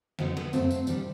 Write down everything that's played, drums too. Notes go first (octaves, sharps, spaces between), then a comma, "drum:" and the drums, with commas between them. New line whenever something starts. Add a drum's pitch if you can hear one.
F2 D3 F#3 D#4, drum: snare
B3, drum: snare
F#2 C#3 F#3 A3 C4, drum: tambourine
drum: tambourine
G#2 D#3 G3 D4, drum: tambourine